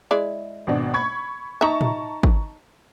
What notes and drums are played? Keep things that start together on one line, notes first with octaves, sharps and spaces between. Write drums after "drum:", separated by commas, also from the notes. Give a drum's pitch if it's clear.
G#3 E4 D5
G#1 B2 D4
B5 C#6 G#6
D#4 E5 A5 A#5 C#6
drum: tom A2
drum: kick